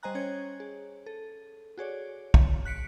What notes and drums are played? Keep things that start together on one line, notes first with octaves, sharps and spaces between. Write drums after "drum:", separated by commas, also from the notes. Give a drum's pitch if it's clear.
G3 C5 D#5 G#5 A#5 F#6
C#4 C#5 G#6
G#4
A4
F#4 G#4 C#5 D5
drum: kick
F#6 B6 C#7 D7